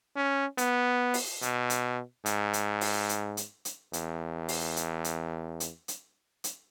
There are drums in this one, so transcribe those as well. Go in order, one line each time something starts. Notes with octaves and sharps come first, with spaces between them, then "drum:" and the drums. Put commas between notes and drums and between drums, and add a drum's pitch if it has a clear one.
C#4
B3, drum: hi-hat
drum: open hi-hat
B2, drum: hi-hat
drum: hi-hat
G#2, drum: hi-hat
drum: hi-hat
drum: open hi-hat
drum: hi-hat
drum: hi-hat
drum: hi-hat
E2, drum: hi-hat
drum: open hi-hat
drum: hi-hat
drum: hi-hat
drum: hi-hat
drum: hi-hat
drum: hi-hat